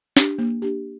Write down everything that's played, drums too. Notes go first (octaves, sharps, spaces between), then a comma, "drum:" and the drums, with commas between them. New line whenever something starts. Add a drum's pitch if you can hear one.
D4 G4, drum: snare
A#3
D4 G4